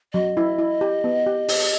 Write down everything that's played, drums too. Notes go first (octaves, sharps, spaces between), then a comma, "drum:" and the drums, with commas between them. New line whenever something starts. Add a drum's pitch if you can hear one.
F#3 D#5
E4
E4
G4
B3
G4
G4, drum: open hi-hat